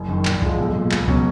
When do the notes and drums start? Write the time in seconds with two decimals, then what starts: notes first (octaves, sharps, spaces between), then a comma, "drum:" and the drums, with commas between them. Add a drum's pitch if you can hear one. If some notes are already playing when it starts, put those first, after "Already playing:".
Already playing: F#1
0.08 F#2 D#3
0.25 A#1, drum: clap
0.42 G#2 F3 G#3, drum: kick
0.58 B1
0.75 A#2 G#3
0.92 C#2, drum: clap
1.08 B2 F#3 C#4, drum: kick